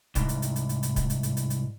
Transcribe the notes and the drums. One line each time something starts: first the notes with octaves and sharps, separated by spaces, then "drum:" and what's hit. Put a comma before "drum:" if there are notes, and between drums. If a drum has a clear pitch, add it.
C2 G#2, drum: kick D1, hi-hat
drum: hi-hat
drum: hi-hat
drum: hi-hat
drum: hi-hat
drum: hi-hat
drum: kick D1, hi-hat
drum: hi-hat
drum: hi-hat
drum: hi-hat
drum: hi-hat